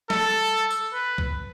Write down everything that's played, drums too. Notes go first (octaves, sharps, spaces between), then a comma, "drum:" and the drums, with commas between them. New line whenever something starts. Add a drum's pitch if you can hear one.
A4, drum: snare
drum: tambourine
B4
drum: kick C2